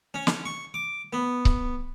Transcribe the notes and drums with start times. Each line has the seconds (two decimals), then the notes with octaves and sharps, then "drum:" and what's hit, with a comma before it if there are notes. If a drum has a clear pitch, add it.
0.14 C#4
0.27 drum: snare
0.45 C#6
0.74 D6
1.13 B3
1.45 drum: kick C#1